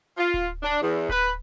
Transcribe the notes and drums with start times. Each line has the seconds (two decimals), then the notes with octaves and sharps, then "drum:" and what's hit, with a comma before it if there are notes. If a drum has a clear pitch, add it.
0.18 F4
0.34 drum: kick D1
0.63 D4
0.81 E2
1.09 B4, drum: kick D1